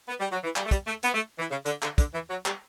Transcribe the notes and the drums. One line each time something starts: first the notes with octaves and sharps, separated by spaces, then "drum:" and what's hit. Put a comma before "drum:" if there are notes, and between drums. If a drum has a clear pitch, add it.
B3
G3
F#3
E3
G3, drum: clap
A3
G3, drum: kick, hi-hat
A3
B3, drum: hi-hat
A3
E3
C#3
D3, drum: hi-hat
D3, drum: clap
D3, drum: kick, hi-hat
E3
F#3
G3, drum: clap